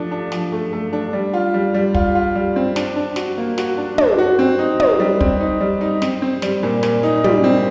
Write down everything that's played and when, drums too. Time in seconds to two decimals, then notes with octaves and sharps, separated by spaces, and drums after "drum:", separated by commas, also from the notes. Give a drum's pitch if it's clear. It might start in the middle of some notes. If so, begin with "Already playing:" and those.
Already playing: F3 A3 D4
0.11 D4
0.32 F3, drum: snare
0.52 A3
0.73 A3
0.93 D4
1.13 G3
1.34 F4
1.54 G3
1.74 G3
1.94 F4, drum: kick
2.15 F4
2.35 G3
2.56 C4
2.76 D4, drum: snare
2.96 D4
3.16 F#4, drum: snare
3.38 A#3
3.58 F#4, drum: snare
3.77 D4
3.98 D4, drum: tom
4.18 F#4
4.39 C4
4.59 D#4
4.80 D#4, drum: tom
5.00 G3
5.21 C4, drum: kick
5.40 D#4
5.61 G3
5.81 D#4
6.02 C4, drum: snare
6.22 C4
6.42 G3, drum: snare
6.63 A#2
6.83 A#2, drum: snare
7.03 D#4
7.24 G3, drum: tom
7.44 C4